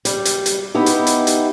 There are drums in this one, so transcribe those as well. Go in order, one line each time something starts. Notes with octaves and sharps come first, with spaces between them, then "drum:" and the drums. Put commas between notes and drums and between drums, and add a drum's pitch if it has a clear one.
G3, drum: hi-hat
drum: hi-hat
drum: hi-hat
B3 D#4 E4 G4
drum: hi-hat
drum: hi-hat
drum: hi-hat